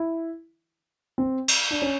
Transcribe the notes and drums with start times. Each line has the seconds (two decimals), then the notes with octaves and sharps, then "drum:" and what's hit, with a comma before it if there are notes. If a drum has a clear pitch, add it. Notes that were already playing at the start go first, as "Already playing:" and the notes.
Already playing: E4
1.18 C4
1.48 drum: cymbal
1.71 D4
1.82 C#4